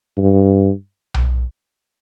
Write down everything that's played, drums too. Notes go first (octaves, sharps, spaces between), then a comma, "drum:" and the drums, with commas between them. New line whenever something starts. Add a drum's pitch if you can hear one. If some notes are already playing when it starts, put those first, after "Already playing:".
G2
drum: tom B1